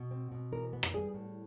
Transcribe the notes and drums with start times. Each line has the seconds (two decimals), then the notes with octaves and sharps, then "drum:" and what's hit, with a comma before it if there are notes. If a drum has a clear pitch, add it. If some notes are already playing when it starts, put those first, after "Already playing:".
Already playing: B2
0.11 C4
0.32 B2
0.52 E3 A#4
0.73 B3
0.83 drum: rim click
0.94 G3 G#4
1.14 A2